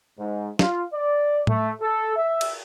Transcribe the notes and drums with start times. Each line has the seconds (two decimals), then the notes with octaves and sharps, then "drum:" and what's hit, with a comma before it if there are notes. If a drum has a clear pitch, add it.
0.19 G#2
0.59 F4, drum: snare
0.92 D5
1.47 A3, drum: tom A2
1.81 A4
2.17 E5
2.41 drum: cymbal